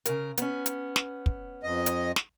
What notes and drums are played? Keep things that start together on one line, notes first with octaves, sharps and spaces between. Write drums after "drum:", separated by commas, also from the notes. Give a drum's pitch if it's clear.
C#3 A#4, drum: hi-hat
B3 C#4, drum: hi-hat
drum: hi-hat
drum: snare
drum: kick
F2 D#5
drum: hi-hat
drum: snare